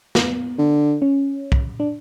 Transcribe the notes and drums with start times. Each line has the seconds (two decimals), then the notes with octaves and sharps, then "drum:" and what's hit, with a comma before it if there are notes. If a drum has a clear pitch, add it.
0.15 B3, drum: snare
0.58 D3
1.02 C#4
1.52 drum: kick
1.80 D4